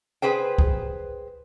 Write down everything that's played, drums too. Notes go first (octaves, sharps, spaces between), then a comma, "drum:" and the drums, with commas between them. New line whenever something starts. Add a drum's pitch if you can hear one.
G#4 B4 C5 G5
drum: kick C#2